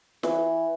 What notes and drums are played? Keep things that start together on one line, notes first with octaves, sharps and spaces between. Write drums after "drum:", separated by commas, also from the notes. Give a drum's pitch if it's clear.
E3, drum: snare